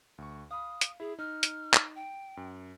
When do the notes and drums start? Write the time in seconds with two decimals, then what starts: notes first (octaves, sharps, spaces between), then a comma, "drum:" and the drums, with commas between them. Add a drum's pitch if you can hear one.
0.18 D2 C#6
0.51 F5 B5 D#6
0.81 drum: hi-hat
1.00 E4 G#4
1.19 D#4 F6
1.43 drum: hi-hat
1.74 drum: clap
1.96 G5
2.37 F#2